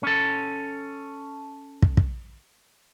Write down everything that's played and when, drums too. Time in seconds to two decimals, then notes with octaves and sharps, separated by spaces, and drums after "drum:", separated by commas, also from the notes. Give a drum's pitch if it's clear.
0.03 C#4 A4
1.82 drum: kick
1.97 drum: kick